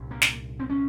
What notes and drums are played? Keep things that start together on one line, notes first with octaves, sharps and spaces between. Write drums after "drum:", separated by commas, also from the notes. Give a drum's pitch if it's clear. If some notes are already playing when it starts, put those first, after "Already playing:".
Already playing: C2 A#2
A#3
drum: snare
C4
C#4